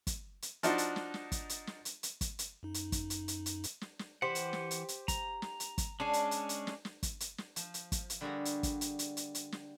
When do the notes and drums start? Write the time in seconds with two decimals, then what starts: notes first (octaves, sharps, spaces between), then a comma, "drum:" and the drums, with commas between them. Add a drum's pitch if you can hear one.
0.07 drum: kick, hi-hat
0.42 drum: hi-hat
0.63 F3 D4 D#4 F#4, drum: hi-hat
0.78 drum: hi-hat
0.96 drum: snare
1.14 drum: snare
1.32 drum: kick, hi-hat
1.49 drum: hi-hat
1.67 drum: snare
1.85 drum: hi-hat
2.03 drum: hi-hat
2.21 drum: kick, hi-hat
2.39 drum: hi-hat
2.63 F#2 D#4
2.74 drum: hi-hat
2.92 drum: kick, hi-hat
3.10 drum: hi-hat
3.28 drum: hi-hat
3.46 drum: hi-hat
3.64 drum: hi-hat
3.81 drum: snare
3.99 drum: snare
4.22 E3 G4 C5 F#5
4.35 drum: hi-hat
4.53 drum: snare
4.71 drum: hi-hat
4.88 drum: hi-hat
5.08 A#5, drum: kick, hi-hat
5.42 drum: snare
5.60 drum: hi-hat
5.78 drum: kick, hi-hat
6.00 G#3 C#4 D4 G#4 G#5
6.13 drum: hi-hat
6.31 drum: hi-hat
6.49 drum: hi-hat
6.67 drum: snare
6.85 drum: snare
7.03 drum: kick, hi-hat
7.20 drum: hi-hat
7.38 drum: snare
7.56 F3, drum: hi-hat
7.74 drum: hi-hat
7.92 drum: kick, hi-hat
8.10 drum: hi-hat
8.21 D3 G3 A#3 F#4 G#4 A#5
8.45 drum: hi-hat
8.63 drum: kick, hi-hat
8.81 drum: hi-hat
8.99 drum: hi-hat
9.17 drum: hi-hat
9.35 drum: hi-hat
9.52 drum: snare